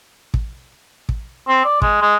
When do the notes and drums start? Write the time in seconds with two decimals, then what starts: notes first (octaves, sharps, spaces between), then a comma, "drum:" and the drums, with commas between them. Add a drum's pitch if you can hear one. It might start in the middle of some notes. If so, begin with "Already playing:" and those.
0.34 drum: kick
1.09 drum: kick
1.48 C4
1.65 D5
1.82 G#3, drum: kick
2.02 G#3